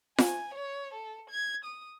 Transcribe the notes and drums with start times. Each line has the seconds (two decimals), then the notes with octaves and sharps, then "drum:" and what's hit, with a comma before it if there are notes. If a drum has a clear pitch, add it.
0.18 G#5, drum: snare F4
0.54 C#5
0.94 A4
1.30 G#6
1.65 D#6